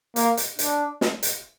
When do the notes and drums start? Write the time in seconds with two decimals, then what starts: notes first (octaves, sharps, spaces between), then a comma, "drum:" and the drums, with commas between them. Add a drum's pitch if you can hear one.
0.16 A#3, drum: hi-hat
0.37 drum: hi-hat
0.59 D4, drum: hi-hat
1.01 drum: snare
1.23 drum: hi-hat